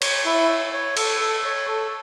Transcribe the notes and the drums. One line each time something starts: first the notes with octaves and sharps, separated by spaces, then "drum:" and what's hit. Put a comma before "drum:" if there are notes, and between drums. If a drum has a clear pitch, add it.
C#5, drum: cymbal
E4
C#5
C#5
A4, drum: cymbal
A4
C#5
A4